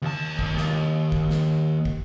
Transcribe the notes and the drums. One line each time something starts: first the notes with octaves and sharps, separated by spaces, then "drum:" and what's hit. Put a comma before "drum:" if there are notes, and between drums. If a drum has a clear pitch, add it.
D#2 A5
drum: kick
drum: snare
drum: kick
drum: snare
drum: kick